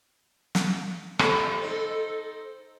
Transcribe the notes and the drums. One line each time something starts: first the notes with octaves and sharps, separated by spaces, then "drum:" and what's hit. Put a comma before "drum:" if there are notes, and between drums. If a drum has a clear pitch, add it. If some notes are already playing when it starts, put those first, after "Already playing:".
drum: snare
C3 F3 G3 A4, drum: rim click
C4 D#4